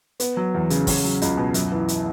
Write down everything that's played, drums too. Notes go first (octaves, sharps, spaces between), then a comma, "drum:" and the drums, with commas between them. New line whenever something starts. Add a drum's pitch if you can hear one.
B3, drum: hi-hat
F#3
E2
C#3, drum: hi-hat
C#4, drum: kick, open hi-hat
F#3
C#2, drum: hi-hat
B2
F#2, drum: hi-hat
E3
drum: hi-hat